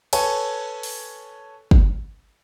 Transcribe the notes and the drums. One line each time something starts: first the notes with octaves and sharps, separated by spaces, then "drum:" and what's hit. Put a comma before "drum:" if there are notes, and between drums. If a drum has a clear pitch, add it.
A4 B4 C#5 G#5, drum: cymbal
drum: open hi-hat
drum: kick